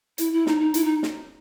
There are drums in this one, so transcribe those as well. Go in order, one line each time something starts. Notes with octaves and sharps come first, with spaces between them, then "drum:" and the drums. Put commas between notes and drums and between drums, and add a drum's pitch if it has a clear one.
E4, drum: hi-hat
E4
D#4, drum: snare
D#4
E4, drum: hi-hat
D#4
drum: snare